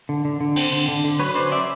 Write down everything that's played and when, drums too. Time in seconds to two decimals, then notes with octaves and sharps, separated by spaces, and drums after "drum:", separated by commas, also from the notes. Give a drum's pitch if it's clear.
0.09 D3
0.25 D3
0.41 D3
0.56 C4, drum: cymbal
0.72 D3
0.88 D3
1.04 D3
1.19 F#3 B4 C#5
1.35 C#4 C5 D5
1.51 C#4 D5 E5